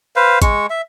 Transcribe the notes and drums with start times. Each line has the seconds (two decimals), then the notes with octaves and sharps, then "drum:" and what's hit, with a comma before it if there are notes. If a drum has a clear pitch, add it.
0.16 B4 C5 F5
0.42 G#3 C#6, drum: kick A1, hi-hat
0.70 E5